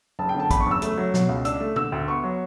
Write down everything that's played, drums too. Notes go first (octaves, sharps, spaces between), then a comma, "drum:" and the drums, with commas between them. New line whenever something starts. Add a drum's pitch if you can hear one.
F#1 A5
G5
D3
A5
E2 B5, drum: kick, hi-hat
C#6
F#1
E6
A3, drum: hi-hat
F#3
B2, drum: snare
C#2
D4 E6, drum: hi-hat
A3
D3 E6, drum: tom
D2
B3 C#6
F#3